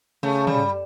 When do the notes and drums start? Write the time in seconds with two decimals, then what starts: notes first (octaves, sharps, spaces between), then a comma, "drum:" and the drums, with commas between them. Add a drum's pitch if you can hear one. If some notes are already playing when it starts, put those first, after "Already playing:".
0.23 C#3 A3
0.47 G3, drum: tom